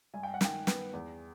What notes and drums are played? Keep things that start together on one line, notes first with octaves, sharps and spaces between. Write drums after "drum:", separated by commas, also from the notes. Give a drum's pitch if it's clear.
G2 G#5
G5
F#5
D#3 G5, drum: snare
B3, drum: snare
E2